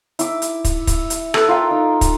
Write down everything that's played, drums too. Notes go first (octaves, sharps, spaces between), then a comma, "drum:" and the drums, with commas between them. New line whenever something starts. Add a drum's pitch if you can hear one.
E4 D6, drum: hi-hat
drum: hi-hat
drum: kick, hi-hat
drum: kick, hi-hat
drum: hi-hat
A4 B4, drum: rim click
F4 A#4 F5 G5
D#4
drum: kick, hi-hat